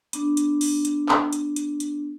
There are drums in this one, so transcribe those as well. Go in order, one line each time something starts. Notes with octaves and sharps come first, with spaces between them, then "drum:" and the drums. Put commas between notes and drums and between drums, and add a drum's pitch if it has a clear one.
B3 D4, drum: hi-hat
drum: hi-hat
drum: open hi-hat
drum: hi-hat
drum: clap
drum: hi-hat
drum: hi-hat
drum: hi-hat